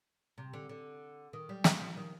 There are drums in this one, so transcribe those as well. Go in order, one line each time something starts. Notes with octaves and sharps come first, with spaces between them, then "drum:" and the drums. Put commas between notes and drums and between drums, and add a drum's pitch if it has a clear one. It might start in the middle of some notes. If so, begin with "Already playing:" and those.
C3
D3
D3
D#3
G3
F3, drum: snare
F3
D#3